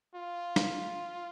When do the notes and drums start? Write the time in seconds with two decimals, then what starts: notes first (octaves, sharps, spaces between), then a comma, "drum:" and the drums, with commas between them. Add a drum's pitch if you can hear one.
0.15 F4
0.56 drum: snare